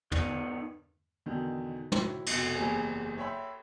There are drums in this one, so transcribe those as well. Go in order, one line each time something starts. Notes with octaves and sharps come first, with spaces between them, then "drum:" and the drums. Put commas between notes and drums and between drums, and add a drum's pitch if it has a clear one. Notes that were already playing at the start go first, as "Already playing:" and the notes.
D3 D#3 B3 D4 D#4, drum: tom
E2 B2 D3 D#3
D#3 F#3 E4, drum: tom
F1 B2, drum: cymbal
F#1 E2 G3 G#4 C5 G#5
C#5 E5 G5 B5 C6